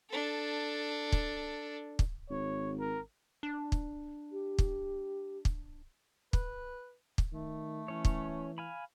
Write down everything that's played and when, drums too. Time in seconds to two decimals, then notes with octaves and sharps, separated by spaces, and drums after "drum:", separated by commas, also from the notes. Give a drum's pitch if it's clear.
0.10 D4 A4
1.12 drum: kick
1.99 drum: kick
2.30 G#1 C#5
2.79 A#4
3.43 D4
3.72 drum: kick
4.32 G4
4.59 drum: kick
5.45 drum: kick
6.33 B4, drum: kick
7.18 drum: kick
7.32 D#3 A3
7.88 E3 C#4 C#5
8.05 drum: kick
8.58 F5 G#5 B5